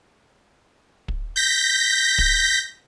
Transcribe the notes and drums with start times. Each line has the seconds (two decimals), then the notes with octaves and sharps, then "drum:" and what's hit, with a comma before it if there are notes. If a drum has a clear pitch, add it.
1.08 drum: kick
1.36 G6 A#6 B6
2.18 drum: kick